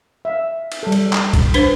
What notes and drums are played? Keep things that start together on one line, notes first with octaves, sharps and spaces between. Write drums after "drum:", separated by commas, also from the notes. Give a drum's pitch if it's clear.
E5 F5
drum: cymbal
G3 A4
drum: cymbal
drum: clap
drum: kick C2, cymbal
D4 B4 C5, drum: cymbal